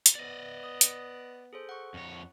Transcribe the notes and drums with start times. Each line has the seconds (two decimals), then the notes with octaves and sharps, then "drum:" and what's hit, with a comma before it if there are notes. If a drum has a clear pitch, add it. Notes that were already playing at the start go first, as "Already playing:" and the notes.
0.06 drum: hi-hat
0.15 B3 D5 D#5
0.64 D#6
0.81 drum: hi-hat
1.53 G#4 A4 C5
1.69 F#5 C#6
1.94 F2 C#5